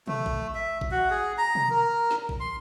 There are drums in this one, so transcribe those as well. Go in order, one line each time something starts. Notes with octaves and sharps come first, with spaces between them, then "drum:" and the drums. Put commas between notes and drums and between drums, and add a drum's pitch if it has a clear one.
A3, drum: tom B2
drum: kick A1
E5
drum: kick A1
F#4
G#4
A#5
drum: tom B2
A#4
drum: snare
drum: kick A1
C6